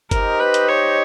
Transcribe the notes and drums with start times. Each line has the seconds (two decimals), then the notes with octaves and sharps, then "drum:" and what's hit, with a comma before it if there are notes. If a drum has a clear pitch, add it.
0.11 D#4 G4 A#4 C5 D#5, drum: kick F#1, hi-hat
0.39 B4
0.54 drum: hi-hat
0.68 C#5